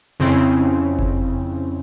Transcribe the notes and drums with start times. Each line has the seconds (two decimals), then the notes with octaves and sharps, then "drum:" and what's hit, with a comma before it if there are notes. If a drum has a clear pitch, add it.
0.20 F2 C#3 C4 E4
0.99 drum: kick F#1